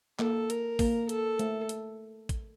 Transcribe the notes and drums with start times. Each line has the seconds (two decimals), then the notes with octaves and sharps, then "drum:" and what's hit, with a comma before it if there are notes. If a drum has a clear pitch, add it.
0.19 A#3 A4, drum: clap
0.50 A#4, drum: hi-hat
0.79 A#3, drum: kick, open hi-hat
1.09 A4, drum: hi-hat
1.39 A3, drum: hi-hat
1.69 drum: hi-hat
2.29 drum: kick, hi-hat